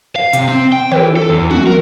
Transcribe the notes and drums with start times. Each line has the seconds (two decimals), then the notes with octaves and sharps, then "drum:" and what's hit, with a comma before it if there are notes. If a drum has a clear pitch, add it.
0.16 F5
0.33 C3, drum: hi-hat
0.49 C4
0.72 G5
0.92 E3, drum: tom
1.16 A4
1.29 E2
1.51 F#4, drum: tom
1.67 A#4